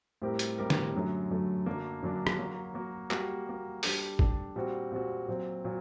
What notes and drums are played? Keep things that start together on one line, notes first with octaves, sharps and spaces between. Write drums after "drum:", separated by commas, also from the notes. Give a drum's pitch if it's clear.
A2 G3 C4 G4 A#4
drum: hi-hat
A2 G3 C4 G4 A#4
drum: snare
F#2 D3 F#3 A3
F#2 D3 F#3 A3
F#2 D3 F#3 A#3 D4
F#2 D3 F#3 A#3 D4
drum: rim click
F#3 A#3 F#4
F#3 A#3 F#4
G3 A#3 F#4, drum: clap
G3 A#3 F#4
G3 D4 A4, drum: open hi-hat
G3 D4 A4, drum: kick
A#2 G3 C4 F#4
A#2 G3 C4 F#4
A#2 F#3 C4
A#2 F#3